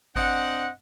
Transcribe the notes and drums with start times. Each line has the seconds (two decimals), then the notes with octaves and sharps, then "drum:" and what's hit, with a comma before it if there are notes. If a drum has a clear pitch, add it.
0.16 C4 D4 D#5 F#5, drum: kick G#1